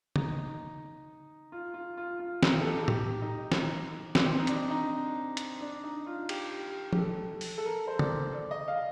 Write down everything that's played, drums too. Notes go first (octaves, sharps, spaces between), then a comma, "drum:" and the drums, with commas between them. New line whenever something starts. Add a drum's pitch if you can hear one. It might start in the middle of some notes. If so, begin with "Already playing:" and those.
D#4, drum: tom
F4
F4
F4
F4
D#4, drum: snare
A4
G4
A4
G4, drum: tom A2
D#4
drum: snare
D4, drum: snare
C4
D#4
D4, drum: hi-hat
D#4
drum: hi-hat
D4
D#4
F4
G4, drum: cymbal
G4, drum: tom
A4
drum: open hi-hat
A4
A#4
C5
D5, drum: tom
D5
D#5
F5